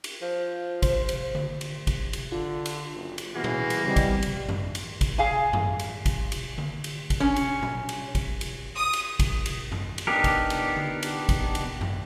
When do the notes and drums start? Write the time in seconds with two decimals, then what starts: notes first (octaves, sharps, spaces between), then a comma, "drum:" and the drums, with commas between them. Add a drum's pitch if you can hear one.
0.04 drum: cymbal
0.22 F3
0.82 C5, drum: kick, cymbal
1.09 drum: cymbal
1.35 drum: tom D3
1.61 drum: cymbal
1.87 drum: kick, cymbal
2.13 drum: cymbal
2.32 D3 F4
2.66 drum: cymbal
2.95 F#1
3.18 drum: cymbal
3.35 B2 E3 A#3 F#4 G#4
3.44 drum: tom A#2
3.70 drum: cymbal
3.85 C#3 G3 C4 D#5
3.96 drum: kick, cymbal
4.22 drum: cymbal
4.49 drum: tom F#2
4.75 drum: cymbal
5.01 drum: kick, cymbal
5.18 G#4 F5 G#5
5.53 drum: tom F#2
5.79 drum: cymbal
6.06 drum: kick, cymbal
6.32 drum: cymbal
6.58 drum: tom D3
6.84 drum: cymbal
7.10 drum: kick, cymbal
7.20 C#4
7.36 drum: cymbal
7.63 drum: tom A#2
7.89 drum: cymbal
8.15 drum: kick, cymbal
8.41 drum: cymbal
8.75 D#6
8.93 drum: cymbal
9.19 drum: kick, cymbal
9.46 drum: cymbal
9.72 drum: tom F#2
9.98 drum: cymbal
10.07 B3 D4 D#4 G4 A#4
10.24 drum: kick, cymbal
10.50 drum: cymbal
10.76 drum: tom D3
11.03 drum: cymbal
11.29 drum: kick, cymbal
11.55 drum: cymbal
11.81 drum: tom F#2